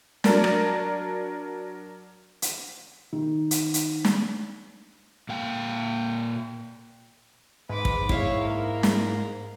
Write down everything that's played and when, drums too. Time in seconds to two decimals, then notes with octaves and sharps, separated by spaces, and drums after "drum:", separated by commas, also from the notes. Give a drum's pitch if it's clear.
0.24 F#3 D4 A#4 D5, drum: snare
0.44 drum: rim click
2.42 drum: hi-hat
3.13 D#3
3.51 drum: hi-hat
3.74 drum: hi-hat
4.05 drum: snare
5.29 A#2 F5 G5
7.69 G#2 B4 D6
7.85 drum: kick
8.09 E4 C#5 E5 F5, drum: kick
8.42 A#3
8.83 drum: snare